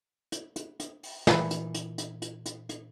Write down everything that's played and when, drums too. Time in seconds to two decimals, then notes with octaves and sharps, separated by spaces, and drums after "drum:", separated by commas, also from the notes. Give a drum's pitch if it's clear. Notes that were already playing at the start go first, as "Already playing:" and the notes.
0.32 drum: hi-hat
0.56 drum: hi-hat
0.80 drum: hi-hat
1.03 drum: open hi-hat
1.27 A#2 E3, drum: snare
1.51 drum: hi-hat
1.74 drum: hi-hat
1.98 drum: hi-hat
2.22 drum: hi-hat
2.46 drum: hi-hat
2.69 drum: hi-hat